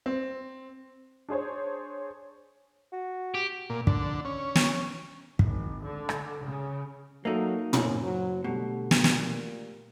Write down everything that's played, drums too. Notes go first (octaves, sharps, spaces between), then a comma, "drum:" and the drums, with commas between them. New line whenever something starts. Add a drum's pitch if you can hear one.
C4
D4 G#4 C5 C#5
F#4
G4
A#2
D3, drum: kick
C#4
drum: snare
G#1, drum: kick
D3
drum: rim click
C#3
F#3 A#3 D#4 A4 C#5 E5
F#1 C#4 C#5, drum: tom
F#3
B2 D3 G3 A3
drum: snare
A#2, drum: snare